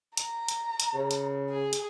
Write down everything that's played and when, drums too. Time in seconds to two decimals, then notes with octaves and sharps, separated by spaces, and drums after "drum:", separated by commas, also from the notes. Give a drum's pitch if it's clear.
0.17 A#5, drum: hi-hat
0.49 drum: hi-hat
0.80 drum: hi-hat
0.94 C#3
1.11 drum: hi-hat
1.50 G#4
1.73 drum: hi-hat